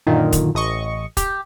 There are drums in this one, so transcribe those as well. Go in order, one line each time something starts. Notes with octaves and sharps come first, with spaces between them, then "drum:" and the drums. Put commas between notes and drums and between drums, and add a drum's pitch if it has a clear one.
F#2 A#2 D3 D#3
drum: kick, hi-hat
A1 D#5 C#6
G4, drum: kick, hi-hat